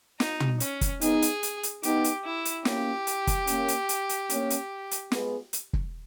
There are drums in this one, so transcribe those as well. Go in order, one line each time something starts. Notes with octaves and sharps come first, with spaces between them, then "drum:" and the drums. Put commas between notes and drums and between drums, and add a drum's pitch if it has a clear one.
D#4, drum: snare
drum: tom
C#4, drum: hi-hat
drum: kick, hi-hat
B3 D#4 G#4, drum: hi-hat
drum: hi-hat
drum: hi-hat
drum: hi-hat
B3 D#4 G4, drum: hi-hat
drum: hi-hat
E4
drum: hi-hat
A#3 C#4 G4, drum: snare
drum: hi-hat
drum: kick, hi-hat
A#3 C#4, drum: hi-hat
drum: hi-hat
drum: hi-hat
drum: hi-hat
A#3 C#4, drum: hi-hat
drum: hi-hat
drum: hi-hat
G#3 B3, drum: snare
drum: hi-hat
drum: kick